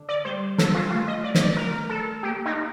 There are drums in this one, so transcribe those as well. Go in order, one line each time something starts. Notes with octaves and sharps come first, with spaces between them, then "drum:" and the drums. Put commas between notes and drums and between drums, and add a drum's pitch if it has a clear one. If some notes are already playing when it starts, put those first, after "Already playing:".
Already playing: D3
D5
G3 C5
A4, drum: snare
F4
A3 F4
D#5
D5
D#5, drum: snare
D5
A#4
A4
A#3 G4
D#4